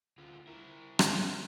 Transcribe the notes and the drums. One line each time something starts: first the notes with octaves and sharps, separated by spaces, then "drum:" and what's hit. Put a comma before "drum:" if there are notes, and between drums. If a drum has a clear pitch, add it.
D2 F4
E4 A#4
drum: rim click